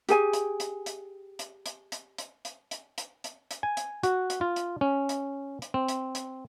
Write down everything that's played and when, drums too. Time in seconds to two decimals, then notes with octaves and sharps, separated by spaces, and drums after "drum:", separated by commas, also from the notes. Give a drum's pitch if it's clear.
0.09 G4 G#4 G#5, drum: hi-hat
0.33 drum: hi-hat
0.60 drum: hi-hat
0.86 drum: hi-hat
1.39 drum: hi-hat
1.66 drum: hi-hat
1.92 drum: hi-hat
2.18 drum: hi-hat
2.45 drum: hi-hat
2.71 drum: hi-hat
2.98 drum: hi-hat
3.24 drum: hi-hat
3.51 drum: hi-hat
3.63 G#5
3.77 drum: hi-hat
4.03 F#4, drum: hi-hat
4.30 drum: hi-hat
4.41 F4
4.56 drum: hi-hat
4.81 C#4
5.09 drum: hi-hat
5.62 drum: hi-hat
5.74 C4
5.88 drum: hi-hat
6.15 drum: hi-hat